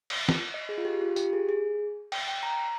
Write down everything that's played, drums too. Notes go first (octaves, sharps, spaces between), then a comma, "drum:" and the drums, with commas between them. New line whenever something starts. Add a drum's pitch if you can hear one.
drum: cymbal
drum: snare
D#5
G#4
F4
G4
F4
G4, drum: tambourine
G#4
G#4
G5, drum: cymbal
G5
A#5